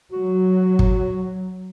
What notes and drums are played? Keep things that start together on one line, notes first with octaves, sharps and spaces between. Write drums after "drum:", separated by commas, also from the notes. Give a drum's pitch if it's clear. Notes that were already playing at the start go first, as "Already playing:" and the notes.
F#3 F#4
drum: kick